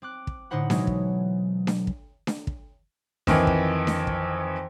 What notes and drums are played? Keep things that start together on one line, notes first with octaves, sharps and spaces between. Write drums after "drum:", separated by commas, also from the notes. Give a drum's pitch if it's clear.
C4 D6 F#6
drum: kick
A2 D3 D#4 C5 F#5 B5
B2 E3 F#3 G#3 E4, drum: snare D4
drum: kick
drum: snare D4
drum: kick
drum: snare D4
drum: kick
F2 D#3 E3, drum: snare D4
drum: kick
drum: snare D4
drum: kick